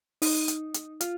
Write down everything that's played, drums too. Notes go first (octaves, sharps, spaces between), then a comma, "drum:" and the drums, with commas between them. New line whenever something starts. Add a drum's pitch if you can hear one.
D#4, drum: open hi-hat
drum: hi-hat
drum: hi-hat
F4, drum: hi-hat